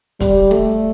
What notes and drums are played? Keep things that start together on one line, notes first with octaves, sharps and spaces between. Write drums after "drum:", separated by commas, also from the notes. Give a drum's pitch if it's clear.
G3, drum: kick, hi-hat
A3, drum: snare